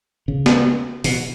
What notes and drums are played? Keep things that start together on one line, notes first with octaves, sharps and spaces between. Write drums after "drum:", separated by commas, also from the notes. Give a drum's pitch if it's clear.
C#3
drum: snare
B2, drum: open hi-hat